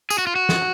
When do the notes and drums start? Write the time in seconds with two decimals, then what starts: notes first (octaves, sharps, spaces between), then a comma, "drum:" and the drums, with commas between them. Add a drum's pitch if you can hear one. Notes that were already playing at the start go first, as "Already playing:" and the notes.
0.10 G#4, drum: tambourine
0.18 F#4
0.27 F4
0.35 F#4
0.49 drum: snare